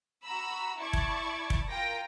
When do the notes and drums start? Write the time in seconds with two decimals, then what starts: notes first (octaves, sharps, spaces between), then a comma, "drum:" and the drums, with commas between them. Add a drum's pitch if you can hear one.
0.23 F#4 A#5 B5 E6
0.78 E4 D5 A5 C#6 G#6
0.93 drum: kick
1.50 drum: kick
1.69 F4 A#4 G5 A#6